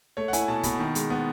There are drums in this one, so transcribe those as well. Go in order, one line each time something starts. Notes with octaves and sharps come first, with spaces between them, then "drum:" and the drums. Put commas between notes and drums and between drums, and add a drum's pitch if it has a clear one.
A3 C#5
F#5
E4 G#5, drum: hi-hat
B2 A5
B2 B5, drum: kick, hi-hat
D#3
G#3, drum: hi-hat
B3